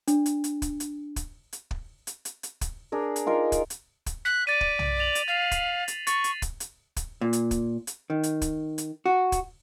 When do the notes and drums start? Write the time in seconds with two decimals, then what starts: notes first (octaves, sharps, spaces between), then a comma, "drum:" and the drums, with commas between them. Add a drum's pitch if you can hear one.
0.08 D4, drum: hi-hat
0.26 drum: hi-hat
0.44 drum: hi-hat
0.62 drum: kick, hi-hat
0.80 drum: hi-hat
1.16 drum: kick, hi-hat
1.53 drum: hi-hat
1.71 drum: kick
2.07 drum: hi-hat
2.25 drum: hi-hat
2.43 drum: hi-hat
2.61 drum: kick, hi-hat
2.92 D4 G#4 A#4
3.16 drum: hi-hat
3.26 D#4 F4 A#4
3.52 drum: kick, hi-hat
3.70 drum: hi-hat
4.06 drum: kick, hi-hat
4.25 F#6 B6
4.47 D5 A6 D#7
4.61 drum: kick
4.79 drum: tom
5.00 F7 F#7
5.15 drum: hi-hat
5.28 F5 A6 C7
5.51 drum: kick, hi-hat
5.88 drum: hi-hat
6.07 C#6 A6, drum: hi-hat
6.24 drum: hi-hat
6.42 drum: kick, hi-hat
6.60 drum: hi-hat
6.97 drum: kick, hi-hat
7.21 A#2
7.33 drum: hi-hat
7.51 drum: kick, hi-hat
7.87 drum: hi-hat
8.10 D#3
8.23 drum: hi-hat
8.42 drum: kick, hi-hat
8.78 drum: hi-hat
9.06 F#4
9.32 drum: kick, hi-hat